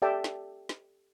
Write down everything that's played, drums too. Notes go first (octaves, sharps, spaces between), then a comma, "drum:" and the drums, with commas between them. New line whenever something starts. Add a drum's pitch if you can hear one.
G4 A4 D5 E5 G5 A5
drum: snare
drum: snare